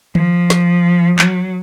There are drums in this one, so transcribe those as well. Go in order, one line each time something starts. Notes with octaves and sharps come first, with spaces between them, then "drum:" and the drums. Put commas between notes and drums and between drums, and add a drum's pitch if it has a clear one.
F3, drum: tom D#3
drum: snare
F#3, drum: clap